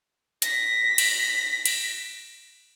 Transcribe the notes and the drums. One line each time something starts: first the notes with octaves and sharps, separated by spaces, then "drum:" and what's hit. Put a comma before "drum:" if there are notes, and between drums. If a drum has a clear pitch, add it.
A#6 B6, drum: hi-hat
drum: cymbal
drum: cymbal